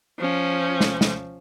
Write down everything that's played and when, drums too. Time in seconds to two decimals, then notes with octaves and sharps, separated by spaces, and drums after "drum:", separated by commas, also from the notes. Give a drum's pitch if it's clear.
0.19 F3 C#4
0.80 drum: snare
1.01 drum: snare